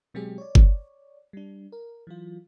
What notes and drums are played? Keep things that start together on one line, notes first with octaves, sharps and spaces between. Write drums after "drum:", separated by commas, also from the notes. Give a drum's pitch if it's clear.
B2 F#3 G#3 C4 G4 G#4
C#5 D5
drum: kick G1
G3 D4
A#4
E3 F#3 F4